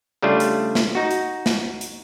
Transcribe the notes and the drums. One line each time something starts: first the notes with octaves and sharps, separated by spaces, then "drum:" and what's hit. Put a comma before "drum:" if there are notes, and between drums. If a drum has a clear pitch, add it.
C#3 G3 A3 D4 F4
drum: hi-hat
drum: snare
D#4 F#4
drum: hi-hat
drum: snare
drum: hi-hat